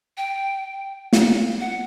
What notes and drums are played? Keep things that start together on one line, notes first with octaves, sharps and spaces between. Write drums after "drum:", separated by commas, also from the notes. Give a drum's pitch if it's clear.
G5
drum: snare
F#5